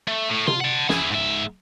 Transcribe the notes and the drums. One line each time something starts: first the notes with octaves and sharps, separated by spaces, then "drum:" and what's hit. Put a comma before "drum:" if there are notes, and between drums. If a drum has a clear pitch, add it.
A3
A2
F4 C6, drum: tom C3
F#5 A5
E4 G#4, drum: snare
G#2 E5